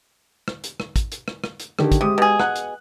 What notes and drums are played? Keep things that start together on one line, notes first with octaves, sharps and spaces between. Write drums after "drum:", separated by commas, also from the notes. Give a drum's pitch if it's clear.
drum: rim click
drum: hi-hat
drum: rim click
drum: kick, hi-hat
drum: hi-hat
drum: rim click
drum: rim click
drum: hi-hat
D3 D#3 G4, drum: rim click
drum: kick, hi-hat
C3 G#3 G4 D#6
B2 G#4
F#5 G#5 F#6, drum: rim click
drum: hi-hat